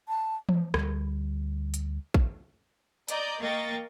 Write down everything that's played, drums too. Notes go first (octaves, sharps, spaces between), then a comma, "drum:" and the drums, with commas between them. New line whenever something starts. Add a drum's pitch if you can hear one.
A5
drum: tom E3
D2 G3, drum: rim click
drum: hi-hat
drum: kick
D5 D#5 A#5 D#6 G6, drum: hi-hat
A#3 A#4 D#5 G5 C#6 A6